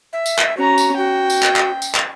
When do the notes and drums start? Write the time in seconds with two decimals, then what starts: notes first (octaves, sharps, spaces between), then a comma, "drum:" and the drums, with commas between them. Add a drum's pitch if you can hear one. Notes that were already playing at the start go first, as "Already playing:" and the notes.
0.13 E5
0.26 drum: tambourine
0.39 drum: clap
0.57 C#4 F#4 A#5
0.78 drum: tambourine
0.97 F#4 G5
1.30 drum: tambourine
1.43 drum: clap
1.56 drum: clap
1.82 drum: tambourine
1.95 drum: clap